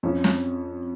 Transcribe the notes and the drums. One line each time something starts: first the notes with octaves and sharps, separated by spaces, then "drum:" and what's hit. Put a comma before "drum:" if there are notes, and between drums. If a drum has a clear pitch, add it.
F2 C#4
drum: snare